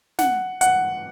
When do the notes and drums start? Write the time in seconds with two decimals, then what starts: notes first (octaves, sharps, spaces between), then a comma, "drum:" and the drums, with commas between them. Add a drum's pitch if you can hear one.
0.19 F#5, drum: snare
0.61 F#5, drum: hi-hat